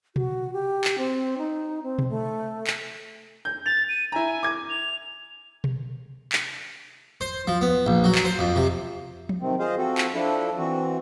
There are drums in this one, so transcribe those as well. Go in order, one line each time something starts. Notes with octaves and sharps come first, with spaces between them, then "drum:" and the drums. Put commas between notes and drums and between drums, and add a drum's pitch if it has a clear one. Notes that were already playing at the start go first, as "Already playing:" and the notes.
F#4, drum: tom B2
G4
drum: clap
C4
D#4
C4
drum: tom B2
A3
drum: clap
G6
A6 F7
D#7
E4 G#5 A#5
D6 G#6
F7
drum: tom B2
drum: clap
C5
F3, drum: tom
B3
A#1
F#3
drum: clap
C5
F2
C3
drum: tom
C3 D#3 C4
F4 G#4 C5 D#5 F5
F3 C4 F#4 A4
drum: clap
F3 D4 E4 A4
E3 C4 F#4